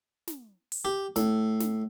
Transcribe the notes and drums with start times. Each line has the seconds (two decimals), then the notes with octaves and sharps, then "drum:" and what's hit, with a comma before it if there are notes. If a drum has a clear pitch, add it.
0.27 drum: snare
0.72 drum: open hi-hat
0.85 G4
1.16 A2, drum: snare
1.60 drum: snare